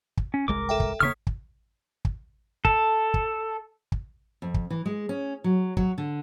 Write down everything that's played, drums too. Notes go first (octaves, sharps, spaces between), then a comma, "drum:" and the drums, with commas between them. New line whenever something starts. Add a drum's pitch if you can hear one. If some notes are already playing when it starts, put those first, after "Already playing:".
drum: kick
C#4
G1 C2 G#3 A#4 D6
A4 E5 G5
drum: kick
E1 C#3 A#3 C#5 C#6 D#6 F6 B6
drum: kick
drum: kick
A4, drum: kick
drum: kick
drum: kick
F2
drum: kick
E3
G#3
C#4
F#3
F#3, drum: kick
D3